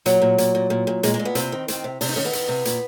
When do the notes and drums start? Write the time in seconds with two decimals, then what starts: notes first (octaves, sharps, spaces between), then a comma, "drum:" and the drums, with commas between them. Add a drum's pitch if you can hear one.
0.06 A#2 F#3, drum: hi-hat
0.22 A#2
0.38 A#2, drum: hi-hat
0.55 A#2
0.70 A#2
0.87 A#2
1.03 A#2 G#3, drum: hi-hat
1.14 G#3
1.19 A#2
1.25 B3
1.35 C3 C4, drum: hi-hat
1.52 D#3
1.68 D#3 C4, drum: hi-hat
1.84 C3
2.01 C3 D4, drum: open hi-hat
2.09 D#4
2.16 D#3 C#4
2.25 B3
2.33 D#3, drum: hi-hat
2.48 C3
2.65 A#2, drum: hi-hat